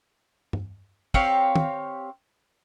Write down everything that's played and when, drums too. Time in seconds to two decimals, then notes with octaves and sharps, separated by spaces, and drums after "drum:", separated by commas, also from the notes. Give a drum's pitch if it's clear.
0.53 drum: tom G2
1.14 C4 G4 C#5 F5, drum: kick
1.56 drum: tom